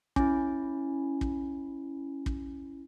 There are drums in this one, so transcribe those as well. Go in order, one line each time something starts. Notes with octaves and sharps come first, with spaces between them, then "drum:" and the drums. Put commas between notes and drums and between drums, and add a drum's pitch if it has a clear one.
C#4 E4, drum: kick
drum: kick
drum: kick